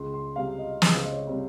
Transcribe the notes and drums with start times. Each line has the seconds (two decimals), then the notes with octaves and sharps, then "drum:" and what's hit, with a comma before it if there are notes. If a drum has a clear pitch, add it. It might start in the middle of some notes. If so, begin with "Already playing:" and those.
Already playing: C#2 C6
0.14 C6
0.36 C3 G3 C4 F5
0.58 D#5
0.82 C#2 C5, drum: snare
1.05 D#5
1.12 C#5
1.27 C3 G3 C4